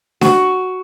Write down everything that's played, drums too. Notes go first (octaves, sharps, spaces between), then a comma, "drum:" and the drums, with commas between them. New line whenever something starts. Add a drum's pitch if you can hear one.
F#4, drum: snare D4